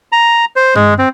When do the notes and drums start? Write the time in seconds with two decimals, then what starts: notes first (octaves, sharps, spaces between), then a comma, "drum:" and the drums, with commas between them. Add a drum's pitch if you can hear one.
0.12 A#5
0.56 C5
0.75 G#3, drum: tom G2
0.98 C4